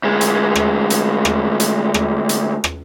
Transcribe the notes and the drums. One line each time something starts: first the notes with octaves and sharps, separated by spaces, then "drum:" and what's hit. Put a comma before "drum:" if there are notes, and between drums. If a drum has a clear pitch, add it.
D2 G#3
drum: hi-hat
drum: rim click
drum: hi-hat
drum: rim click
drum: hi-hat
drum: rim click
drum: hi-hat
drum: rim click